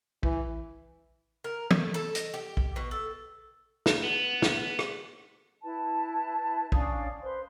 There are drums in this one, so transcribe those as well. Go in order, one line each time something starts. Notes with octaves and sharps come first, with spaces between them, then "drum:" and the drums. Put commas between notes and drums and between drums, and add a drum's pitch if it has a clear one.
E3, drum: kick A#1
A#4
A3, drum: tom
A4
D#5, drum: hi-hat
G4
drum: kick A#1
B2
A4
drum: snare
B3
drum: snare
drum: rim click
E4 B4 A5
C#4 D4 F5 D#6, drum: kick A#1
B4 C5 C6